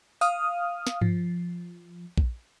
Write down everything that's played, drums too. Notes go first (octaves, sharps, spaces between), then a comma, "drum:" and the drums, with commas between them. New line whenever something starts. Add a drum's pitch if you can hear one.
F5 D#6 F6, drum: tambourine
drum: snare
F3, drum: tom G2
drum: kick A#1